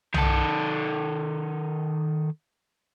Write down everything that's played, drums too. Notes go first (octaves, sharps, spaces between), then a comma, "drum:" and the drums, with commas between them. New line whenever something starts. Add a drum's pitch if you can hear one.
D#3 A4, drum: tom